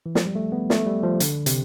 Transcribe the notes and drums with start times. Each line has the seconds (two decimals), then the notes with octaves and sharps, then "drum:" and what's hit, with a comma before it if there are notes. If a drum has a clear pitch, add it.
0.06 E3
0.15 F3, drum: snare
0.26 G3
0.35 A3
0.52 B3
0.70 A3, drum: snare
0.86 G3
1.03 F3
1.20 D3, drum: hi-hat
1.46 C3, drum: hi-hat